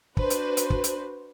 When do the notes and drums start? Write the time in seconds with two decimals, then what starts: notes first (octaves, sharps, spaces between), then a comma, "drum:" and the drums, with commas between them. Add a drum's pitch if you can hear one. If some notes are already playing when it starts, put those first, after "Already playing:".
0.17 D4 F#4 B4 C5, drum: kick
0.30 drum: hi-hat
0.57 drum: hi-hat
0.70 drum: kick
0.84 drum: hi-hat